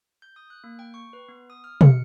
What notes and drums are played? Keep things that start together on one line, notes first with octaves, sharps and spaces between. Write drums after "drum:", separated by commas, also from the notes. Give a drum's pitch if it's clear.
G6
D#6
F#6
A#3
G5
C#6
B4
B3
D#6
F6
C#7, drum: tom